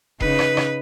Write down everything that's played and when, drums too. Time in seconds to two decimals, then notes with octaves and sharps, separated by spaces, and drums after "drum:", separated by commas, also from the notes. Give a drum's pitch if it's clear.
0.20 C#3 D#4 B4, drum: kick E1
0.39 drum: rim click
0.57 drum: rim click